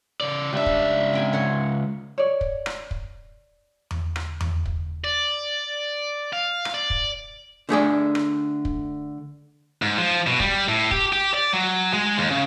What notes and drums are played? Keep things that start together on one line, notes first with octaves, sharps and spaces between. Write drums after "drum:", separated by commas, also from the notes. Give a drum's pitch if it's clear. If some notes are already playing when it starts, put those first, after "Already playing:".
C#3 D5
C#2 G3 D4 E5
drum: kick
C4 G5 G#5
C#5 F#5 C6
C#5 D5
drum: kick
drum: rim click
drum: kick
drum: tom E2
drum: rim click
drum: tom E2
drum: kick
D5
F5
drum: rim click
D5
drum: kick
D3 A3 G#4 D5
drum: rim click
drum: kick
G#2
F3
B2
G3, drum: kick
A2
G4, drum: kick
G4
D5
F#3
G#3
D#2
C#3